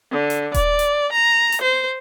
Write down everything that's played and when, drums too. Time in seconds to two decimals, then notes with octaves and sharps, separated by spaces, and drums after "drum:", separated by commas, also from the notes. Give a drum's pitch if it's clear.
0.12 D3
0.30 drum: hi-hat
0.54 D5, drum: kick D#1, hi-hat
0.79 drum: hi-hat
1.13 A#5
1.52 drum: hi-hat
1.62 C5